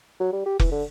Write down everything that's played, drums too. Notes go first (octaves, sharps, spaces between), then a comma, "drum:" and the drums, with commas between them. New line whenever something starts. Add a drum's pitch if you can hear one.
F#3
G3
G4
E3, drum: kick F1
D3